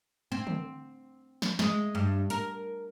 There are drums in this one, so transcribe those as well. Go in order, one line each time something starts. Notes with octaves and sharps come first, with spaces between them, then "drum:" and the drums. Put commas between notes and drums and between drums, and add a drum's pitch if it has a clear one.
C4
drum: tom D3
drum: snare
G#3, drum: snare
G2
A#4, drum: hi-hat